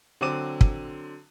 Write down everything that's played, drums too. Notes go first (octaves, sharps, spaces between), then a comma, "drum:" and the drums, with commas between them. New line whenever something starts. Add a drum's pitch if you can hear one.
D3 F#3 C4 D6 D#7
drum: kick